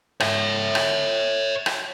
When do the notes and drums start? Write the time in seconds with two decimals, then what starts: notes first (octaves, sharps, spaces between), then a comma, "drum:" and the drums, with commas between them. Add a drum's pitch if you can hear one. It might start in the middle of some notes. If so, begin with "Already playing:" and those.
0.20 C#5 E5, drum: rim click
0.75 drum: rim click
1.66 drum: rim click